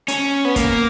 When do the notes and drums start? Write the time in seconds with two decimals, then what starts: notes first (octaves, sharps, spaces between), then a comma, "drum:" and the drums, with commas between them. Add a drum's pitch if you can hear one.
0.08 C#4, drum: hi-hat
0.45 B3
0.56 A#3, drum: kick, hi-hat